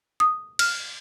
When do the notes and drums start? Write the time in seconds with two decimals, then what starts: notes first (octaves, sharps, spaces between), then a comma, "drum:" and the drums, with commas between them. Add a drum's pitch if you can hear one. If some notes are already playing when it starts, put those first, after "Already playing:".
0.20 D#6
0.59 F6, drum: cymbal